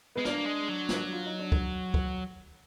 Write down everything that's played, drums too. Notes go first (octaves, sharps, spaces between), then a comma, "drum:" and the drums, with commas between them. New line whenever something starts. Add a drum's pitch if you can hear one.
G#3 B3
A#3 D4, drum: snare
G#3
F#3
drum: snare
F4
D#4
D4
drum: kick
drum: kick